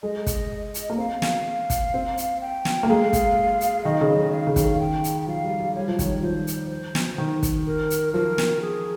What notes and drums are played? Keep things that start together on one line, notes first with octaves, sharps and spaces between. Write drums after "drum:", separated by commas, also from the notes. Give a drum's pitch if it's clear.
G#3 D#5
drum: kick, hi-hat
drum: hi-hat
A#3
C4 F5
drum: snare
drum: kick, hi-hat
C4
drum: hi-hat
G5
drum: snare
A#3
G#3 F5
drum: kick, hi-hat
drum: hi-hat
D#3 D#5
C#3
D#3
F5
C#3
D#3, drum: kick, hi-hat
G5
drum: hi-hat
G5
F3 F5
G3
G3
G3 C#5
F3
D#3, drum: kick, hi-hat
D#3
F3 C5
drum: hi-hat
C5
drum: snare
D#3
drum: kick, hi-hat
A#4
drum: hi-hat
F3 A#4
drum: snare
G#4